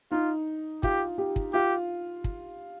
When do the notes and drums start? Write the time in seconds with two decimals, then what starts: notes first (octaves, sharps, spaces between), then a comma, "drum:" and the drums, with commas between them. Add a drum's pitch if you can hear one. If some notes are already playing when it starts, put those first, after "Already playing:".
0.12 D#4 F4
0.83 F4 G4, drum: kick
1.18 G4
1.36 drum: kick
1.53 F4 G4
2.24 drum: kick